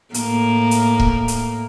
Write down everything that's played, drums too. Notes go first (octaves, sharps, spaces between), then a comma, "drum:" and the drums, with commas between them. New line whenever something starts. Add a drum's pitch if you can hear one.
A2 A#3, drum: hi-hat
drum: hi-hat
drum: kick
drum: hi-hat